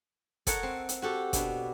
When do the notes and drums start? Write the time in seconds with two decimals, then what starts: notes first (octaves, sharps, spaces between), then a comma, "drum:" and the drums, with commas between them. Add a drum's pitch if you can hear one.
0.47 A4 A#4 C#5 D#5 F#5, drum: kick, hi-hat
0.63 C4
0.89 drum: hi-hat
1.02 F#4 G4 A4
1.33 B2 D4, drum: kick, hi-hat